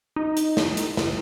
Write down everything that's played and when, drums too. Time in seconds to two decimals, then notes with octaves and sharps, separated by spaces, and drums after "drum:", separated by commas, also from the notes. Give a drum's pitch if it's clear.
0.16 D#4
0.37 drum: hi-hat
0.57 drum: snare
0.77 drum: hi-hat
0.97 drum: snare